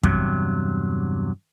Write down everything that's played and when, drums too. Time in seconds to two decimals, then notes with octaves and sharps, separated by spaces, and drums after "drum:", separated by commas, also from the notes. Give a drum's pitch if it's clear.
0.03 E2 G2 C3 F#3, drum: kick